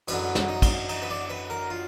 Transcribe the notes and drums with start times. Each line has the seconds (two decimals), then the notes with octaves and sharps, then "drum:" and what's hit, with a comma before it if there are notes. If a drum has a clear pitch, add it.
0.08 F#2 D3 F#3 B4, drum: cymbal
0.35 drum: snare
0.48 D#4
0.62 drum: kick, cymbal
0.89 D#4, drum: cymbal
1.02 B4
1.10 D5
1.30 B4
1.50 A#4
1.70 F4